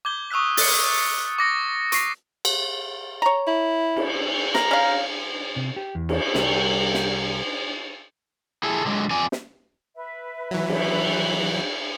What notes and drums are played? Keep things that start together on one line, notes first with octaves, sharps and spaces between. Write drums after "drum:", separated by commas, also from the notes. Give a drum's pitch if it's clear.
D6 G6 G#6 G7
C#6 D#6 E6 F#6 B6
A6 C#7, drum: open hi-hat
D6 A#6 C#7
C#6 D#6 C7, drum: hi-hat
drum: cymbal
C#5 A#5
E4
drum: cymbal
A#4 A#5, drum: snare
C#4 F5
C3
G4
E2
drum: cymbal
C2, drum: snare
drum: snare
E4 G#4 A4
D3 F#3 G#3
F2 D5 G#5
drum: snare
B4 E5
E3 F#3
drum: cymbal